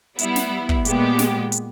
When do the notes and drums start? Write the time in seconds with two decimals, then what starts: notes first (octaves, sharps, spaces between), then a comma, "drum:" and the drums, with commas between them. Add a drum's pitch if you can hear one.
0.19 G3 B3 E4, drum: hi-hat
0.36 drum: snare
0.69 drum: kick
0.85 A#2 G#3 B3 G4, drum: hi-hat
1.19 drum: snare
1.52 drum: hi-hat